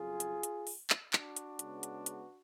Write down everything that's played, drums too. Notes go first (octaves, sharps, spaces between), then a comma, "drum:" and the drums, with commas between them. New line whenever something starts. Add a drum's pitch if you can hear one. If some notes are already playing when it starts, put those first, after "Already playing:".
Already playing: F2 C#3 F#3 F4 G#4
drum: hi-hat
drum: hi-hat
drum: open hi-hat
drum: clap
D4 F#4, drum: clap
drum: hi-hat
C#3 G#3 B3, drum: hi-hat
drum: hi-hat
drum: hi-hat